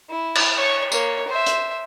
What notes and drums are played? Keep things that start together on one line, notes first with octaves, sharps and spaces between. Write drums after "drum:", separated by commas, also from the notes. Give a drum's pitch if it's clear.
E4
drum: cymbal
C#5 C#6
A#3 C#5, drum: tambourine
C5 E5
drum: hi-hat